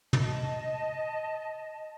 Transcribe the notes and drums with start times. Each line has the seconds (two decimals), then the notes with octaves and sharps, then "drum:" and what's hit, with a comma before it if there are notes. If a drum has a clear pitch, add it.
0.13 D#5 A5, drum: tom